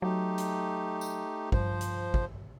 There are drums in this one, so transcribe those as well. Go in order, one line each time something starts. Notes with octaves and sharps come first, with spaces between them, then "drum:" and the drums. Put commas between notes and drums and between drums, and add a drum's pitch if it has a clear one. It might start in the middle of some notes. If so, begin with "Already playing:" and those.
F#3 A3 D#4 G4
drum: hi-hat
drum: tambourine
G2 F3 C5, drum: kick
drum: hi-hat
drum: kick